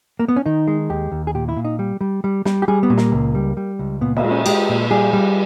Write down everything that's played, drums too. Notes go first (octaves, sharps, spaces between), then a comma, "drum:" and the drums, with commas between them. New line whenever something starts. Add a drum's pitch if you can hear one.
A#3
B3
C#4
D#3 D#4
G#3
D#2 G4
D#2
G#4
A#2 G4
E4
A#2
D#4
G3
G3
G3
G3, drum: snare
G4
G3 G#4
B3
A#2
A#3, drum: snare
C#2
G3
G3
C#2
A#2 B3
B3, drum: cymbal
G#3
C#4
G#3 G4, drum: cymbal
A#2
G3 G#4
G3